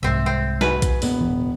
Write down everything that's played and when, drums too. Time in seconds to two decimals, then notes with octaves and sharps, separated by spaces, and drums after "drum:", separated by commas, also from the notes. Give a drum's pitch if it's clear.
0.03 C2 G#2 C4 E5
0.26 C4
0.61 F#4 G#4 B4 G#5, drum: snare
0.82 drum: kick A#1, hi-hat
1.02 E1 B3, drum: open hi-hat
1.21 D1 E3